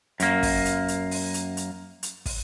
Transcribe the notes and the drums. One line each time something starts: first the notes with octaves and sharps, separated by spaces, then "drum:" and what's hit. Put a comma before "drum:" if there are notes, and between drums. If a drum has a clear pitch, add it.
F#2 A#3, drum: hi-hat
drum: kick, open hi-hat
drum: hi-hat
drum: hi-hat
drum: open hi-hat
drum: hi-hat
drum: hi-hat
drum: hi-hat
drum: kick, open hi-hat